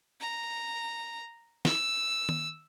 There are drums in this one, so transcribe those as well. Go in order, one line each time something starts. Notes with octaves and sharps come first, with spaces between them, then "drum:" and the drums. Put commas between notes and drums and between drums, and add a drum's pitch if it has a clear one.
A#5
E6, drum: snare
drum: tom D#3